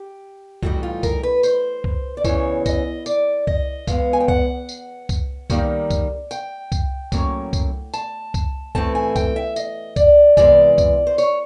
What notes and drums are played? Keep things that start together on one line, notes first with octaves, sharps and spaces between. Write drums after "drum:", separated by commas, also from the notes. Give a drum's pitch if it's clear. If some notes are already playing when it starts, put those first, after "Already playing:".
Already playing: G4
A2 E3 G3 C4 D#4 F#4, drum: kick C2
F4
A#4, drum: kick C2, tambourine
B4
C5, drum: tambourine
drum: kick C2
D5
E2 C#3 E3 C#5, drum: kick C2, tambourine
D#5, drum: kick C2, tambourine
D5, drum: tambourine
D#5, drum: kick C2
E2 B2 G#3 B3 F5, drum: kick C2, tambourine
G#5
G5
F#5, drum: kick C2
drum: tambourine
drum: kick C2, tambourine
D#3 G3 A#3 D#4, drum: kick C2, tambourine
drum: kick C2, tambourine
G5, drum: tambourine
drum: kick C2, tambourine
A2 F#3 A#3 C#4, drum: kick C2, tambourine
drum: kick C2, tambourine
A5, drum: tambourine
drum: kick C2, tambourine
A2 E3 A3 C4 A5, drum: kick C2
G#5
G5, drum: kick C2, tambourine
E5
D#5, drum: tambourine
D5, drum: kick C2, tambourine
E2 C3 E3 G#3 D5, drum: kick C2, tambourine
drum: kick C2, tambourine
C5
C#5, drum: tambourine